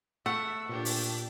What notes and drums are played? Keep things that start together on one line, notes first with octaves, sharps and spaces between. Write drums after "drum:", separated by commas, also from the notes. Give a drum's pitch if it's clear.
A3 E5 F#5
A#2 D4 G4
drum: open hi-hat